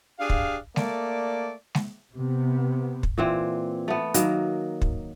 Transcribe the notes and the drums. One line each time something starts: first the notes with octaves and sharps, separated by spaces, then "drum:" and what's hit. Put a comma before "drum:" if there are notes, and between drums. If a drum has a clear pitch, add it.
D4 G4 G#4 F5
drum: kick
A3 A#3 D5, drum: snare G#3
drum: snare G#3
C3 B3
drum: kick
A#2 E3 C4
A3 B3
D#3 F#3 A#3, drum: hi-hat
drum: kick